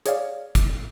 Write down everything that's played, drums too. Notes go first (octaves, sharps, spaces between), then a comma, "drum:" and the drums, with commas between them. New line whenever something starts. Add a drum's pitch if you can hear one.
G#4 C#5 D5 F5, drum: hi-hat
drum: kick, hi-hat